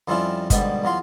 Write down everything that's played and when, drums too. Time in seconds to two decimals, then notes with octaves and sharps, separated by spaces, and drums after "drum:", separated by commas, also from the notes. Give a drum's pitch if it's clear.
0.08 F2 G3 C4 C#4 E4 F4
0.50 G#2 B2 D3 G3, drum: kick, hi-hat
0.84 E2 F#3 F4 C6